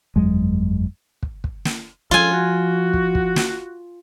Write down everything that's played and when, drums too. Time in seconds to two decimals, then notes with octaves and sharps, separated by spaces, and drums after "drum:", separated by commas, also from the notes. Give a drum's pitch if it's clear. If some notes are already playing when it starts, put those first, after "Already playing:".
0.16 G1 F2 F#3 G#3
1.23 drum: kick
1.44 drum: kick
1.65 drum: snare
2.11 F3 C#4 F4 A4 G#5
2.32 F#4
2.93 drum: kick
3.15 drum: kick
3.36 drum: snare